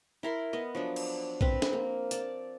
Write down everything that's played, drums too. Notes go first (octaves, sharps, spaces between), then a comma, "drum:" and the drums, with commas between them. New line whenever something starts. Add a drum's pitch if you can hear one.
E4 A#4 C6
B3 D#5
F3 F#3 D4
drum: cymbal
C4 B4, drum: kick
drum: snare
A#3
D5 A5, drum: hi-hat